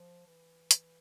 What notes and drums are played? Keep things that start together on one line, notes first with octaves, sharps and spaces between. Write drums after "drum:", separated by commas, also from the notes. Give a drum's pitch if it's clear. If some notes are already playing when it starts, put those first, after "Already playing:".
Already playing: F3
E3
drum: hi-hat